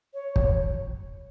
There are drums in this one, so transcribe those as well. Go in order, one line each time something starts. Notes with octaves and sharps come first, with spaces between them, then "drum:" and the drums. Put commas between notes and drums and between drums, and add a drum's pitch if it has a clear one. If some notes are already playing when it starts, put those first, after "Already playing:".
C#5
drum: kick